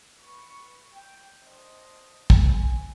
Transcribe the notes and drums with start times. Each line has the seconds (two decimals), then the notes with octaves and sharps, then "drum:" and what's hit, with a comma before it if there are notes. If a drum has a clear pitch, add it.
0.21 B4 C#6
0.94 G5
1.41 D4 C5 D#5
2.30 drum: kick
2.41 C4 F#4 G#5